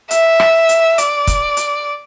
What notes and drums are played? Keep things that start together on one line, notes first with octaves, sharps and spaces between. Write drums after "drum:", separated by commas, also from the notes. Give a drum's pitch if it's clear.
E5, drum: hi-hat
drum: rim click
drum: hi-hat
D5, drum: hi-hat
drum: kick, hi-hat
drum: hi-hat